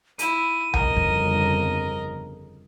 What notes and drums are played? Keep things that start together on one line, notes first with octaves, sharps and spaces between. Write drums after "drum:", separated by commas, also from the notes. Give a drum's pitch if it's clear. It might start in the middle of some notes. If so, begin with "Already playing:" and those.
E4 D#7, drum: hi-hat
G1 F2 C#3 A#4 D#5, drum: tom C2
drum: kick